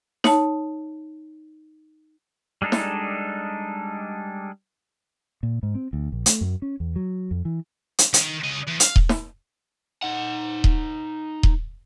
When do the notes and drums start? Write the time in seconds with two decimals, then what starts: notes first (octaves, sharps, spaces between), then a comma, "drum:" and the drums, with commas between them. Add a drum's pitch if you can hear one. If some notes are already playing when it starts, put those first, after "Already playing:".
0.24 D#4 C#5 A5, drum: snare
2.62 G3 G#3 D4 D#4 A4
2.72 drum: snare
5.43 A#2
5.63 G#2
5.75 C4
5.93 D2
6.12 A#1
6.26 A3, drum: hi-hat
6.41 F#2
6.62 C#4
6.80 E2
6.96 F#3
7.31 F2
7.45 E3
7.99 drum: hi-hat
8.14 D#3, drum: hi-hat
8.44 C#3 D#5
8.67 E2
8.80 F5, drum: hi-hat
8.96 drum: kick D#1
9.09 drum: snare
10.03 D#4 F#5
10.64 drum: kick D#1
11.43 drum: kick D#1